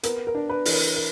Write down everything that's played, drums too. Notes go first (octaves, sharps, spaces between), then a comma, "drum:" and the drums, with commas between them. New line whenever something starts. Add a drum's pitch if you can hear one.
B3 A#4, drum: hi-hat
A#4
D4
B4
E3, drum: open hi-hat
A#4
A#4